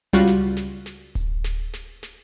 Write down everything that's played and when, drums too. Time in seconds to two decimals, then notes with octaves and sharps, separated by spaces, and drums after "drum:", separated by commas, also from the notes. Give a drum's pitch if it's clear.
0.13 C#2 G3 F4 F#4 F#6
0.28 drum: snare
0.57 drum: snare
0.86 drum: snare
1.15 drum: kick D1, hi-hat
1.44 drum: snare
1.74 drum: snare
2.03 drum: snare